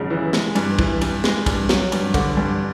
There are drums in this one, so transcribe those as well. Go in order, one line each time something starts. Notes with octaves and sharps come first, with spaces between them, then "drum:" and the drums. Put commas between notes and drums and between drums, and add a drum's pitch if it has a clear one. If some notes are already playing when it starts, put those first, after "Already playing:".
Already playing: G#1 F#2 C#3
E3
G#3, drum: snare
G2, drum: cymbal
E3, drum: kick
G2, drum: cymbal
G#3, drum: snare
G2, drum: kick, cymbal
F#3, drum: snare
G2, drum: cymbal
D3, drum: kick, cymbal
G2